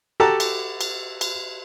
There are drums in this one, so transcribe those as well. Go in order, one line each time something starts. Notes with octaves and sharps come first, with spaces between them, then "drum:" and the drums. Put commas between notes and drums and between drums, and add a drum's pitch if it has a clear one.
F#4 G4 A4 F#5 A5 A#5
drum: cymbal
drum: cymbal
drum: cymbal